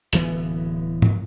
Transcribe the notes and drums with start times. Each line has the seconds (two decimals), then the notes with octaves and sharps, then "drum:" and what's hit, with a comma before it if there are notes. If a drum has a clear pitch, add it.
0.13 D1 E3 B3, drum: hi-hat
1.02 drum: tom G#2